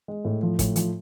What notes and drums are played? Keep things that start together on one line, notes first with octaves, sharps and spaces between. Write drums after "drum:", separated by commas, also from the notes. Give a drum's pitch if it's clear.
G#3
A2
F3
A2, drum: kick, hi-hat
F3, drum: hi-hat